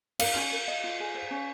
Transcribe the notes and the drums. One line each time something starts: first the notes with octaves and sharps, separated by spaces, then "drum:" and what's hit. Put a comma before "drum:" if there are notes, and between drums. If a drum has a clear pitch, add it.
A#4 F5, drum: cymbal
C#4
A#4
D#5
F4
G#4
C5
C#4